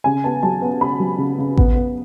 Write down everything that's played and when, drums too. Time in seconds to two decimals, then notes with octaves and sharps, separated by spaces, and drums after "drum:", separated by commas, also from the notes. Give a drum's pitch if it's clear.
0.04 C#3 G#5
0.24 B3 A5
0.43 F#3 A5
0.61 B3 A5
0.81 C#3 B5
1.00 F#3
1.18 C#3
1.38 C#3
1.57 B3, drum: kick A1
1.75 B3